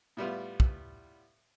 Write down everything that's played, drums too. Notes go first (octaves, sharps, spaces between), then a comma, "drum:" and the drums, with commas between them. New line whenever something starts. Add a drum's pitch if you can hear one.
A2 G3 B3 F4
drum: kick